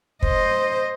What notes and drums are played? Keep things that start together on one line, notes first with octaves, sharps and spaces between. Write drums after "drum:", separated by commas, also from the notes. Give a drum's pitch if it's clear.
C5 D#5, drum: kick